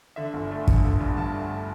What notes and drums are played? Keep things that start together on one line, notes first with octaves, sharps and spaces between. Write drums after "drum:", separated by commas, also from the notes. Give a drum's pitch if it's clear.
D3 E5
G1
A3
G1, drum: kick
G1
G2
G1 A5
A3